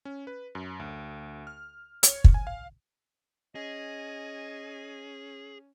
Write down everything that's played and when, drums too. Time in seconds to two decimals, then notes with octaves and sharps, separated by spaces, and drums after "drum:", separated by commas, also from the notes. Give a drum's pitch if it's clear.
0.05 C#4
0.27 B4
0.55 F#2
0.79 D2
1.47 F6
2.03 C#5, drum: hi-hat
2.24 drum: kick
2.34 G#5
2.47 F5
3.55 C#4 G#4 D#5